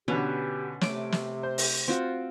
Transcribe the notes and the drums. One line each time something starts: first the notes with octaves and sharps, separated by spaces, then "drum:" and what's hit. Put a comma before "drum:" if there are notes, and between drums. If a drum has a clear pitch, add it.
B2 D3 C#4 G4 B4 E5
C3 A3 C#4 D6, drum: snare
drum: snare
C5
drum: open hi-hat
C4 F4 F#4